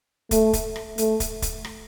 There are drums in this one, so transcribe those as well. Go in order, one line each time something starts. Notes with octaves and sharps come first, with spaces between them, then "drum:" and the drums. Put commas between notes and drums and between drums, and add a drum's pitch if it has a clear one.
A3, drum: kick, hi-hat
drum: kick, hi-hat
drum: rim click
A3, drum: hi-hat
drum: kick, hi-hat
drum: kick, hi-hat
drum: rim click